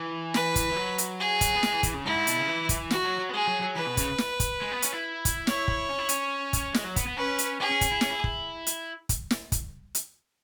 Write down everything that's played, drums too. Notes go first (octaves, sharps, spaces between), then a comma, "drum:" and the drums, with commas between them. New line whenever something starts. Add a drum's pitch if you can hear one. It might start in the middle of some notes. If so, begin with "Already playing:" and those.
Already playing: E3
B4, drum: snare
drum: kick, hi-hat
E3
F#3
drum: hi-hat
G#4
drum: kick, hi-hat
B3
G#3, drum: snare
E3
E3, drum: kick, hi-hat
C#3
G#2 E4
G#2
B2, drum: hi-hat
C#3
E3
drum: kick, hi-hat
F#4, drum: snare
F#3
F#3
B3
G#3 G#4
F#3
F#3
E3 B4
B2
C#3, drum: kick, hi-hat
drum: snare
drum: kick, hi-hat
G#3
B3
C#4, drum: hi-hat
E4
drum: kick, hi-hat
C#5, drum: snare
drum: kick
C#4
E4
C#4, drum: hi-hat
drum: kick, hi-hat
G#3, drum: snare
F#3
B3, drum: kick, hi-hat
B3
C#4 B4
drum: hi-hat
C#4 G#4
C#4
drum: kick, hi-hat
E4
C#4, drum: snare
E4
drum: kick
drum: hi-hat
drum: kick, hi-hat
drum: snare
drum: kick, hi-hat
drum: hi-hat